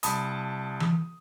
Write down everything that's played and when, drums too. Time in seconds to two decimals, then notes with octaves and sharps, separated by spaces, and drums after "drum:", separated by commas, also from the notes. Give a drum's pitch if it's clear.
0.03 C2 A5 B5 D#6, drum: hi-hat
0.80 drum: tom E3